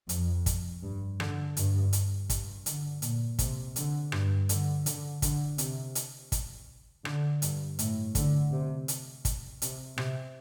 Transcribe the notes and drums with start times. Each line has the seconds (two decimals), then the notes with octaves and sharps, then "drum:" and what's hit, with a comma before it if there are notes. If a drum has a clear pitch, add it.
0.09 F2, drum: hi-hat
0.46 drum: kick, hi-hat
0.83 G2
1.20 D3, drum: rim click
1.57 G2, drum: hi-hat
1.93 drum: hi-hat
2.30 G2, drum: kick, hi-hat
2.66 D3, drum: hi-hat
3.02 A#2, drum: hi-hat
3.39 C3, drum: kick, hi-hat
3.76 D3, drum: hi-hat
4.12 G2, drum: rim click
4.49 D3, drum: hi-hat
4.86 D3, drum: hi-hat
5.22 D3, drum: kick, hi-hat
5.58 C3, drum: hi-hat
5.95 drum: hi-hat
6.32 drum: kick, hi-hat
7.05 D3, drum: rim click
7.42 G2, drum: hi-hat
7.79 A2, drum: hi-hat
8.15 D3, drum: kick, hi-hat
8.52 C3
8.88 drum: hi-hat
9.25 drum: kick, hi-hat
9.62 C3, drum: hi-hat
9.98 C3, drum: rim click